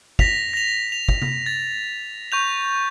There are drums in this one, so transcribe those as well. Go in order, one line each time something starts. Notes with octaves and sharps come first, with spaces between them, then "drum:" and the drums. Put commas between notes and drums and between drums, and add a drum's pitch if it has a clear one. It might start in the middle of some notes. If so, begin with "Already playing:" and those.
A#6 B6 F7, drum: kick
A#6 F7
F7
drum: kick
drum: tom C3
A6
C#6 G6 F7